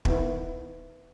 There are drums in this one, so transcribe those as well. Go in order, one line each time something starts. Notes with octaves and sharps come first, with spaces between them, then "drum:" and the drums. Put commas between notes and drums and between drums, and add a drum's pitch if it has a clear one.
D#3 B3 E4, drum: kick